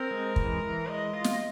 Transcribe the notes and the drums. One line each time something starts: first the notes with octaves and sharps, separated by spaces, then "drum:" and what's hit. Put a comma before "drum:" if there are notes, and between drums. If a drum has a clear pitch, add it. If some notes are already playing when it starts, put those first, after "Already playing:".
Already playing: C4 A#4
G#3
E3, drum: kick
E3
G#3 D#5
F4
drum: snare